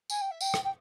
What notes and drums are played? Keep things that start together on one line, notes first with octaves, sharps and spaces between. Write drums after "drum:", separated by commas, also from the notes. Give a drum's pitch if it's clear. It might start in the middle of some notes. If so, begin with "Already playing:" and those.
G#5, drum: tambourine
G5
E5
G5, drum: tambourine
drum: rim click
G5